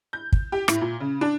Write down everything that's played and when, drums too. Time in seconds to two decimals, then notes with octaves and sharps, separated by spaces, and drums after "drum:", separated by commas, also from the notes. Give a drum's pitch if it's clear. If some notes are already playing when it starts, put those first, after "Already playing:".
0.13 G6
0.32 drum: kick
0.52 G4
0.68 A2, drum: rim click
0.81 A#2
1.00 C#3
1.21 D4